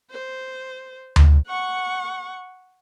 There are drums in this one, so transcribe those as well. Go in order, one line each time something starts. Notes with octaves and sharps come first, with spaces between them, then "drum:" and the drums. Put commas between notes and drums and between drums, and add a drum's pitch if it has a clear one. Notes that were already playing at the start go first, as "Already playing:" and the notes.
C5
drum: tom D2
F#5 C#6